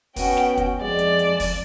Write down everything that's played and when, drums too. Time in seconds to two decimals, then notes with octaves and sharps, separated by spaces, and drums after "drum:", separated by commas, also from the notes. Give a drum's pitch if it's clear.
0.16 B3 C#4 F#4 G5, drum: kick, open hi-hat
0.37 drum: snare
0.57 drum: kick, hi-hat
0.81 F2 G#3 D5 A5
0.99 drum: hi-hat
1.19 drum: hi-hat
1.40 drum: kick, open hi-hat